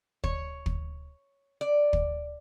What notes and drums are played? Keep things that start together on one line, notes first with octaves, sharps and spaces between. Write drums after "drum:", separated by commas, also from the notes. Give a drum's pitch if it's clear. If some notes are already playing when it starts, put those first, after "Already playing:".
C#5, drum: kick
drum: kick
D5
drum: kick